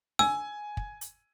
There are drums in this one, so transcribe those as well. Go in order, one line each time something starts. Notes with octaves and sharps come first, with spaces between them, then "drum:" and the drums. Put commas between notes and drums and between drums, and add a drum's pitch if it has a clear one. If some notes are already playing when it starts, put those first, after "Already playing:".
G#5 E6, drum: snare D4
drum: kick
drum: hi-hat